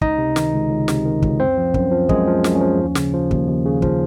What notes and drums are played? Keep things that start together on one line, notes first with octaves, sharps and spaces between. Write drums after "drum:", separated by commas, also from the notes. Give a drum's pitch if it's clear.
C#2 D#4 D#5, drum: kick
C3
D#3, drum: snare
C#2
C#2
C3, drum: snare
D#3
C#2, drum: kick
F#2 C4 C5
F3
F#2, drum: kick
F3
F#2 G#3 G#4, drum: kick
F3
F#2, drum: snare
C#4
F3
D#2
C#3, drum: snare
F3
D#2, drum: kick
D#2
C#3
F3, drum: kick